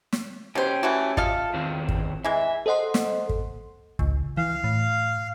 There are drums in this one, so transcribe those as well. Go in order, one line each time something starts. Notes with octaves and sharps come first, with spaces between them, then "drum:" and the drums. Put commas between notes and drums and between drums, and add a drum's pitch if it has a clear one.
drum: snare
B2 C#4 G4 C5
E3 A3 F#4
F4 A4 D#5 F5, drum: kick
E2 D#3 C4
drum: kick
E3 G#3 E5
A4 C5 D#5 F#5 C6
drum: snare
drum: kick
C#2, drum: kick
E3 F5
A2